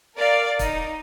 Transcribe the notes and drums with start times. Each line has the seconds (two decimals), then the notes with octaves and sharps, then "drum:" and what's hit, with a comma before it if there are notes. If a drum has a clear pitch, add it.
0.17 A#4 D5 F5
0.59 D#4, drum: kick, hi-hat